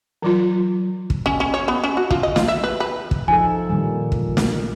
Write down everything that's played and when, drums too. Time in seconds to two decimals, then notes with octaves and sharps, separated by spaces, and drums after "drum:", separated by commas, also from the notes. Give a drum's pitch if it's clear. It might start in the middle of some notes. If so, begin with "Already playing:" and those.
0.22 E3 F#3 F4
1.10 drum: kick
1.26 C#4
1.40 C#4
1.54 C#5
1.68 B3
1.84 C#4
1.97 F#4
2.11 F4, drum: kick
2.23 D#5
2.36 F4, drum: snare
2.48 E5
2.64 B4
2.80 B4
3.11 drum: kick
3.28 F3 D#4 A4 G#5
3.69 A#2 D#3 G3
4.12 drum: kick
4.37 drum: snare